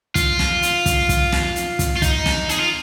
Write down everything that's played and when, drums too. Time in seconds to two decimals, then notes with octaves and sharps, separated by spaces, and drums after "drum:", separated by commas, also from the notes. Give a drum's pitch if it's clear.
0.15 F4, drum: kick, hi-hat
0.39 drum: snare
0.62 drum: hi-hat
0.86 drum: kick, hi-hat
1.09 drum: kick, hi-hat
1.32 drum: snare
1.56 drum: hi-hat
1.79 drum: kick, hi-hat
1.97 F4
2.02 D#4, drum: kick, hi-hat
2.26 drum: snare
2.49 G#4, drum: hi-hat
2.59 F4